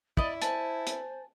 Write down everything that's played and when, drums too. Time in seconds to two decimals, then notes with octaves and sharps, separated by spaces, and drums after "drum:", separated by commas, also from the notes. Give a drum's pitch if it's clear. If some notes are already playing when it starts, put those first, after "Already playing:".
0.17 E4 D5 D#5 B5, drum: kick
0.42 C5 G#5 A5, drum: hi-hat
0.87 drum: hi-hat